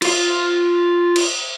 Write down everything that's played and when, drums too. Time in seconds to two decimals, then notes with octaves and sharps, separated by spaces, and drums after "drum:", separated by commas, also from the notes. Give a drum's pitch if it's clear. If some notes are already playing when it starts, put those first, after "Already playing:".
0.02 F4 F5, drum: cymbal
1.16 drum: cymbal